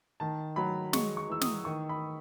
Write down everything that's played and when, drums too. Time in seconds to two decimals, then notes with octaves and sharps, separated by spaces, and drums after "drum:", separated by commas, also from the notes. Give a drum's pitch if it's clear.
0.20 D#3 A5
0.56 F#3 B5
0.93 G#3 C#6, drum: snare
1.17 C#6
1.29 E3 E6
1.41 D#6, drum: snare
1.65 D#3 C#6
1.89 B5